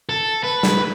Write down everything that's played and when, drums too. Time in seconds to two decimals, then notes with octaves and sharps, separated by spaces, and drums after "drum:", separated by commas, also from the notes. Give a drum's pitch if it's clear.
0.09 A4
0.44 B4
0.63 drum: snare